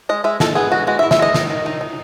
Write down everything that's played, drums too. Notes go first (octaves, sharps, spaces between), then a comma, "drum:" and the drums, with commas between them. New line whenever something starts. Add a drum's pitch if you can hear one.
G#3 D#5
G#3 E5
G#3 A4, drum: snare
B3 G#4
G#3 F#4
G#3 F#4
E5
E4
E5, drum: snare
G#3 D#5
D#3, drum: snare
D#3
D#4
D#4